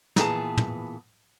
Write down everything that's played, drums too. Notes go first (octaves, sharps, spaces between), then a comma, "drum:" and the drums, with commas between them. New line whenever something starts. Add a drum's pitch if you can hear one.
A#2 E3 B3 G#4 A5, drum: snare
drum: tom